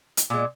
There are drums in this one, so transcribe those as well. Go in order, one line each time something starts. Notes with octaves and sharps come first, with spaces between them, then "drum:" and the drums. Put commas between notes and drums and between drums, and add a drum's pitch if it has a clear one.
drum: hi-hat
A#2 G#3